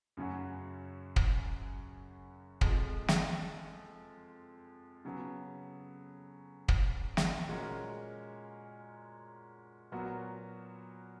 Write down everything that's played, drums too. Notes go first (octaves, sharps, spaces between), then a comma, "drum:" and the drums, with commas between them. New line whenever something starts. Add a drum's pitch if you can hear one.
F#2 C#3 F#3 C#4 F#4
drum: kick
F2 F3 G#3, drum: kick
drum: snare
C#3 F#3 B3
drum: kick
drum: snare
A#2 G#3 C#4 F#4 A#4
A#2 F#3 B3 F#4 A#4